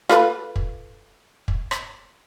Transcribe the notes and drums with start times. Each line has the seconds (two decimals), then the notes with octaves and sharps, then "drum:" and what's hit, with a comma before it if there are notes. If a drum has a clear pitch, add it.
0.09 F4 A4 B4, drum: rim click
0.56 drum: kick
1.48 drum: kick
1.71 drum: rim click